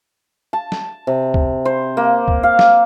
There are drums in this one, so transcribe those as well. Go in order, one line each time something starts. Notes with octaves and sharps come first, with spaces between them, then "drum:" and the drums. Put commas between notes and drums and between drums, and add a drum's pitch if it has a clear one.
A5
drum: snare
C3
drum: kick
C5
A#3
drum: kick
F5
drum: snare